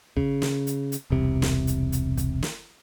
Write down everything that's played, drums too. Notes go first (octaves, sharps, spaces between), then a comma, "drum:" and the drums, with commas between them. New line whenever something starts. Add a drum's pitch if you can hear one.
C#3, drum: kick
drum: snare
drum: hi-hat
drum: hi-hat
E1 C2 C3
drum: snare
drum: hi-hat
drum: hi-hat
drum: kick, hi-hat
drum: snare